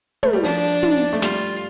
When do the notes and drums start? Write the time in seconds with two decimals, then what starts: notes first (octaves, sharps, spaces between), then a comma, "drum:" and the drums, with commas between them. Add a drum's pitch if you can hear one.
0.23 A3, drum: tom
0.33 G3
0.43 F3 D4
0.83 drum: tom
1.13 A3
1.22 G3 F4, drum: snare